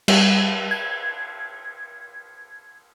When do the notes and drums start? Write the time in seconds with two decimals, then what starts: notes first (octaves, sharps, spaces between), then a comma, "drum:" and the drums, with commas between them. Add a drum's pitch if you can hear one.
0.08 G3, drum: cymbal
0.71 G#6